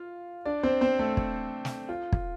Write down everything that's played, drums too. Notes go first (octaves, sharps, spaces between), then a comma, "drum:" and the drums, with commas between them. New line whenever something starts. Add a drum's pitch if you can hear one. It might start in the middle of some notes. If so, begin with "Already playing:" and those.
Already playing: F4 F5
D4 D5
C4 C5
C4 C5
A3 A4
drum: kick
drum: snare
F4
drum: kick